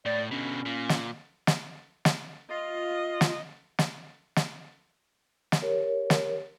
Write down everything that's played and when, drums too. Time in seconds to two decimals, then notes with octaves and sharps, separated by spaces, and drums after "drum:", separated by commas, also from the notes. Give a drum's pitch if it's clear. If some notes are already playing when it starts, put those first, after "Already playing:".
0.05 A2 D5
0.32 B2 D3 C#4
0.66 A#2
0.89 drum: snare
1.47 drum: snare
2.05 drum: snare
2.50 F4 D#5
3.21 drum: snare
3.79 drum: snare
4.36 drum: snare
5.52 drum: snare
5.62 G4 A#4 C#5
6.10 drum: snare